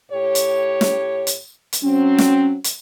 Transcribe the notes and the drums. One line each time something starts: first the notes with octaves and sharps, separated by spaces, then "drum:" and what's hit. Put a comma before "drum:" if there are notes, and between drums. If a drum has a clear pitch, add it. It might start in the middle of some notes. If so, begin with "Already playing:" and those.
A2 G4 C#5
drum: hi-hat
drum: snare
drum: hi-hat
drum: hi-hat
F#3 C4 C#4
drum: snare
drum: hi-hat